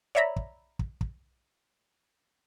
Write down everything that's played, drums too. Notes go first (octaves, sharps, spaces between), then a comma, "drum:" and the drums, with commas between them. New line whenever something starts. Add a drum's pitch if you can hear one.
C#5 D5 E5 A#5 B5
drum: kick
drum: kick
drum: kick